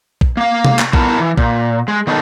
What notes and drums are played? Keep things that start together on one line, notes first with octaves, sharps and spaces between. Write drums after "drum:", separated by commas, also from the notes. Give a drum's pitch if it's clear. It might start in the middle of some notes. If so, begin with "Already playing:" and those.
drum: kick
A#3 F5
drum: tom C3
drum: clap
B3 E4 A#4 F#5 A5, drum: kick
E3
A#2, drum: kick
G#3
D#3 B3 D#4 A4